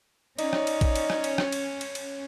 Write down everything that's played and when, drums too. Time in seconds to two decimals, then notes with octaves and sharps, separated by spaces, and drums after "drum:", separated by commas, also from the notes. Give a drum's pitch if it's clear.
0.39 C#4 D#4 D5 D#5, drum: cymbal
0.53 drum: rim click
0.67 drum: cymbal
0.81 drum: kick A#1, cymbal
0.95 drum: cymbal
1.10 drum: rim click
1.24 drum: cymbal
1.38 drum: rim click
1.52 drum: cymbal
1.81 drum: cymbal
1.95 drum: cymbal